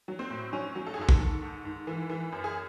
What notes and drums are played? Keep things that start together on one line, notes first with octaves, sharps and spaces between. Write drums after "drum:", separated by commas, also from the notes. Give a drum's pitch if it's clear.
F#3
C4
A2
F#3 C#4
F#3
A4
G#4
G#2 A4
drum: kick A#1
D#3
G#2
G#2
E3
E3
F#2
G#4